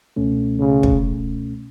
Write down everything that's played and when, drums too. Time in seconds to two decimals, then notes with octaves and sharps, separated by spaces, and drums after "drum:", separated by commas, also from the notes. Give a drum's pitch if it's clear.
0.16 C#2 B2 A3 C#4
0.59 C#3
0.83 drum: kick